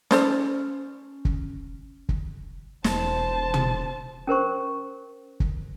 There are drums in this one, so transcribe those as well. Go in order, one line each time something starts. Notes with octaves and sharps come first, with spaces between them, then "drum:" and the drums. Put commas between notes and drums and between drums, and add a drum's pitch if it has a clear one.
C#4 A4 C5 D5, drum: snare
drum: kick
drum: kick
E1 C5 A5, drum: snare
drum: tom
C#4 A#4 C5 C#6
drum: kick